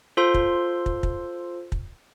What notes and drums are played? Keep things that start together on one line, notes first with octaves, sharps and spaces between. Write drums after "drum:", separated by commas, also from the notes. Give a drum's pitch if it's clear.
F4 A4 C5 C6
drum: kick
drum: kick
drum: kick
drum: kick